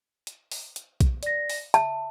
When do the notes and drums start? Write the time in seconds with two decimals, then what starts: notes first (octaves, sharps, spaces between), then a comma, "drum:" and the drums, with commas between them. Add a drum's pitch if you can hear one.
0.27 drum: hi-hat
0.52 drum: open hi-hat
0.76 drum: hi-hat
1.01 drum: kick B1, hi-hat
1.23 D5 A#6, drum: hi-hat
1.50 drum: open hi-hat
1.74 E5 A5, drum: hi-hat